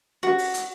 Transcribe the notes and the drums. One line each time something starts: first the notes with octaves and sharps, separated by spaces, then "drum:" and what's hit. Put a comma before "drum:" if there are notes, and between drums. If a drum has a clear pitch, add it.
F#4, drum: snare C#4
drum: open hi-hat
drum: hi-hat